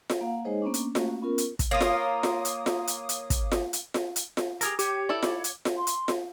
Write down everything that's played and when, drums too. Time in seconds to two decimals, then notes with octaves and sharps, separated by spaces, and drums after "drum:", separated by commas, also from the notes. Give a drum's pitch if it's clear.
0.10 drum: snare F4
0.21 A#3 F5 F#5
0.45 G#3 D#4 G#4 C5 C#5 D#5
0.62 A#3 B3 C#4 D4
0.74 drum: hi-hat
0.95 A3 A#3 C#4 F#4, drum: snare F4
1.22 B3 C#4 F4 A#4
1.38 drum: hi-hat
1.59 drum: kick, hi-hat
1.71 A#3 F4 C#5 F5 D#6
1.81 drum: snare F4
2.23 drum: snare F4
2.45 drum: hi-hat
2.66 drum: snare F4
2.87 drum: hi-hat
3.09 drum: hi-hat
3.30 drum: kick, hi-hat
3.52 drum: snare F4
3.73 drum: hi-hat
3.94 drum: snare F4
4.16 drum: hi-hat
4.37 drum: snare F4
4.61 G4 G#4 A#4, drum: hi-hat
4.79 G4 C#5 D6, drum: hi-hat
5.09 E4 A4 D5
5.23 drum: snare F4
5.44 drum: hi-hat
5.65 drum: snare F4
5.78 C6
5.87 drum: hi-hat
6.08 drum: snare F4